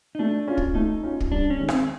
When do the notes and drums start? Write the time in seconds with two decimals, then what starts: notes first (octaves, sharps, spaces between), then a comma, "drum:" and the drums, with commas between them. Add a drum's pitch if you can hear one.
0.15 D#4
0.19 A3 D4
0.48 C#4 F4
0.57 drum: kick
0.75 A3 D#4
1.03 C#4 F4
1.20 drum: kick
1.32 G2 D4
1.50 C#4
1.59 D#3 G#3
1.68 C4, drum: rim click